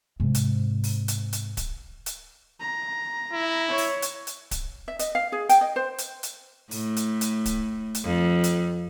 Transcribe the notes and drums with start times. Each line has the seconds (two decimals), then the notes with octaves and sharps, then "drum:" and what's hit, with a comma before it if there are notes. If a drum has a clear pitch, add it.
0.20 G#2 C3
0.34 drum: hi-hat
0.84 drum: open hi-hat
1.08 drum: hi-hat
1.33 drum: hi-hat
1.57 drum: kick D1, hi-hat
2.06 drum: hi-hat
2.60 A#5
3.33 E4
3.68 C#5
3.78 drum: open hi-hat
4.02 drum: hi-hat
4.27 drum: hi-hat
4.51 drum: kick D1, hi-hat
4.88 E5
4.99 D#5, drum: hi-hat
5.15 F5
5.32 G#4
5.49 G5, drum: hi-hat
5.61 D#5
5.76 C5
5.98 drum: hi-hat
6.23 drum: hi-hat
6.71 A2, drum: open hi-hat
6.96 drum: hi-hat
7.21 drum: hi-hat
7.45 drum: kick D1, hi-hat
7.95 drum: hi-hat
8.04 F2
8.44 drum: hi-hat